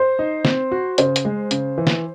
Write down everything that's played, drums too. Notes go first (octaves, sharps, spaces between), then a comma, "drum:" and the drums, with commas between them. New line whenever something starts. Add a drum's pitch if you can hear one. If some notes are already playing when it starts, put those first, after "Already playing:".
Already playing: C5
D#4
C4, drum: snare
F#4
C#3 C5, drum: hi-hat
drum: hi-hat
G#3
C#3, drum: hi-hat
E3
drum: snare